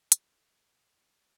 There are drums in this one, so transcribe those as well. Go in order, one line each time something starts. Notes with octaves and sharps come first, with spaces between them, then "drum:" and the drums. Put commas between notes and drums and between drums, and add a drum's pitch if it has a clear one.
G#3 A3 F#4, drum: hi-hat